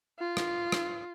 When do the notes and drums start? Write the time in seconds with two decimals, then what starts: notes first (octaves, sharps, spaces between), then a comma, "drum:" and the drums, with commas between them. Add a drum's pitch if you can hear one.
0.19 F4
0.37 drum: rim click
0.72 drum: rim click